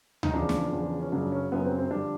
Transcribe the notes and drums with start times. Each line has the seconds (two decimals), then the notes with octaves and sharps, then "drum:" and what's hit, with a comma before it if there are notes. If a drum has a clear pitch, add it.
0.23 D#4, drum: tom D2
0.33 E2 C#3 F3 D4
0.49 drum: snare
0.72 E2 C#3 F3
1.01 C#4
1.12 F#2 C#3 F#3 D4
1.32 C#4
1.52 F#2 C#3 F#3 B3
1.65 C4
1.78 C4
1.91 G2 D3 F3 D4